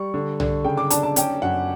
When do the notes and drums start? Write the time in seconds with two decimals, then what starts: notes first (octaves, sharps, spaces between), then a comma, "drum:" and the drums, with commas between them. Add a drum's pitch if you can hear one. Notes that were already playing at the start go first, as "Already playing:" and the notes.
Already playing: G3 C#6
0.14 D3
0.40 D3, drum: tom B1
0.65 C#3 G5
0.77 D6
0.90 D4 A5, drum: hi-hat
1.03 A5
1.16 C#4 G5, drum: hi-hat
1.42 F#2 F#5